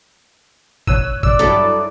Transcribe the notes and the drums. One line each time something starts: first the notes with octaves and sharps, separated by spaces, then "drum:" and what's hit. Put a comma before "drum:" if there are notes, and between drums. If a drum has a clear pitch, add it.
C#5 E6 F#6 D#7, drum: kick
D5 E6, drum: kick
G2 F#3 D4 E4 A4 D#6, drum: hi-hat